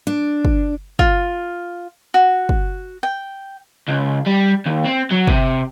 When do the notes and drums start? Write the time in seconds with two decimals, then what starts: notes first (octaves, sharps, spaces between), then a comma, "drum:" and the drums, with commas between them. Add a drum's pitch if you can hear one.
0.07 D4
0.45 drum: kick
0.99 F4, drum: kick
2.14 F#4
2.49 drum: kick
3.03 G5
3.88 C#2
4.27 G3
4.66 D#2
4.84 C4
5.11 F#3
5.27 C3, drum: kick